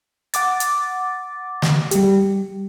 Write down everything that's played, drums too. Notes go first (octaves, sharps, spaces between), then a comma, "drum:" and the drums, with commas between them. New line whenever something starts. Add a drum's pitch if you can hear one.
F#5 D6 A6, drum: hi-hat
drum: hi-hat
drum: snare
G3 G4, drum: hi-hat